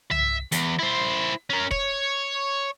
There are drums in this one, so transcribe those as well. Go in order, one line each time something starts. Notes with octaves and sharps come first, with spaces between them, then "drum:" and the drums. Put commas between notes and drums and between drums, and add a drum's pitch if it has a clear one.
E5, drum: tom
E2, drum: hi-hat
E4 C5
C#4 A#4
C#5, drum: kick